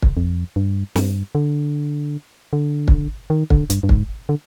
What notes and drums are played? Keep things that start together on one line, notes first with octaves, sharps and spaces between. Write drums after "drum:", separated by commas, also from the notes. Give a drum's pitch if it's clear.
drum: kick
F2
G2
G2, drum: snare
D3
D3
drum: kick
D#3
D3, drum: kick
G2, drum: hi-hat
G2
G#2, drum: kick
D3